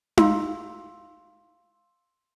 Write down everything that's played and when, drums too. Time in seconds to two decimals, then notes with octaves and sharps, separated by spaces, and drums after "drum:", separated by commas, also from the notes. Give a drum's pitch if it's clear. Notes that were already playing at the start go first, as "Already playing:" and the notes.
0.17 F5 C6 E6, drum: tom D#4